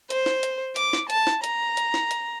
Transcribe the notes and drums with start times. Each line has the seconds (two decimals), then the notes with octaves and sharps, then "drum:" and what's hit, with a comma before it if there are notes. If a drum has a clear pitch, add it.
0.10 C5, drum: hi-hat
0.26 drum: snare
0.43 drum: hi-hat
0.76 D6, drum: hi-hat
0.93 drum: snare
1.10 A5, drum: hi-hat
1.27 drum: snare
1.44 A#5, drum: hi-hat
1.77 drum: hi-hat
1.94 drum: snare
2.11 drum: hi-hat